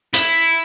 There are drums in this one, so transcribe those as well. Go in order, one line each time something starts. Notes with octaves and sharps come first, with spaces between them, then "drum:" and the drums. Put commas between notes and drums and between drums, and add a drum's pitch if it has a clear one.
E4, drum: hi-hat